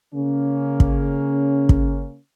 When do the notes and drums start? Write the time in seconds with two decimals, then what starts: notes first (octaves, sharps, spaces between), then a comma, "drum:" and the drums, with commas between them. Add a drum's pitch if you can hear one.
0.13 C#3 A#3 C#4
0.80 drum: kick
1.69 drum: kick